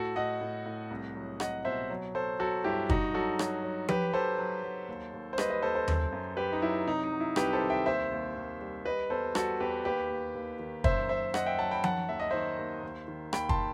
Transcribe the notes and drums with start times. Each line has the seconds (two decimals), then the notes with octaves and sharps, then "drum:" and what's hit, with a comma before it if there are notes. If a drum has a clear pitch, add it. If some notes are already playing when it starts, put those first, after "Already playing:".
Already playing: A2 F#4 A4
0.16 A2 D#5 F#5
0.41 A2
0.66 A2
0.91 C2
1.16 F#3
1.40 F#3 D#5 F#5, drum: rim click
1.65 B2 C5 E5
1.90 F#3
2.15 F#3 A4 C5
2.40 F#3 F#4 A4
2.64 G2 E4 G4
2.89 G2 D#4 F#4, drum: kick
3.14 F#3 F#4 A4
3.39 F#3, drum: rim click
3.64 F#3
3.89 F#3 G4 B4, drum: tom F3
4.13 F#3 A4 C5
4.38 F#3
4.63 F#3
4.88 D#2
5.13 D#2
5.33 C5
5.38 G3 B4 D#5, drum: rim click
5.50 B4 D#5
5.62 D#2 A4 C5
5.75 A4 C5
5.88 F#2, drum: tom D#2
6.12 F#2
6.37 F#2 G4 B4
6.52 D#4
6.62 F#3 E4
6.87 C3 D#4
7.03 D#4
7.12 F#3
7.20 E4
7.36 C2 G4 B4, drum: rim click
7.53 A4 C5
7.61 D#3
7.70 E5 G5
7.86 D#2 C5 E5
8.11 D#2
8.36 D#2
8.61 G3
8.86 G3 B4 D#5
9.10 E2 A4 C5
9.35 G3 F#4 A4, drum: rim click
9.60 E2 G4 B4
9.85 D#2 G4 B4
10.10 D#2
10.35 D#2
10.59 D#3
10.84 F#2 C5 E5, drum: kick
11.09 F#2 C5 E5
11.34 F#2 D#5 F#5, drum: rim click
11.46 E5 G5
11.59 F#3 F#5 A5
11.71 G5 B5
11.84 D#3 F#5 A5, drum: tom F3
12.09 D#2 E5
12.20 D#5
12.30 D#3 C5 E5
12.58 D#2
12.83 D#2
13.08 D#3
13.33 D#2 G5 B5, drum: rim click
13.49 A5 C6, drum: kick